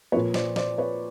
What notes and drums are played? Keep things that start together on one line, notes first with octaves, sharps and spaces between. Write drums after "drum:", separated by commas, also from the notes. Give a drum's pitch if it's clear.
A#2 F3 A#3 B4 C#5
C5 D5, drum: snare
C5 D5, drum: snare
B4 C#5